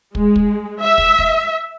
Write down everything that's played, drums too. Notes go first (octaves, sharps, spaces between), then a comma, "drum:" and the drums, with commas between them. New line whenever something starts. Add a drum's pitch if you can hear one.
G#3, drum: kick
drum: kick
E5
drum: kick
drum: kick